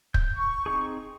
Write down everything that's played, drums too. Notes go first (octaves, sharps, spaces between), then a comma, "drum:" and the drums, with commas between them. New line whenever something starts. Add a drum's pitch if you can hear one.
G6, drum: kick
C#6
C4 D#4 G#4